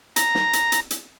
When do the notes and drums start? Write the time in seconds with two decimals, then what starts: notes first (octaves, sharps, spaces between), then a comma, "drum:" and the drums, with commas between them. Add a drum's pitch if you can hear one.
0.16 A#5, drum: hi-hat
0.35 drum: snare
0.53 drum: hi-hat
0.72 drum: hi-hat
0.91 drum: hi-hat